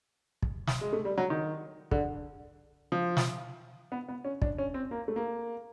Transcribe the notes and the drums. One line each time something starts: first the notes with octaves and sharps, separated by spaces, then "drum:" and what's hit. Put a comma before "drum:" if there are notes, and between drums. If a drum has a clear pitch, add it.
drum: kick
drum: snare
G#3
A3
G3
F#3
D#3
D3, drum: kick
F3
drum: snare
B3
B3
C#4
D4, drum: kick
C#4
C4
A#3
A3
A#3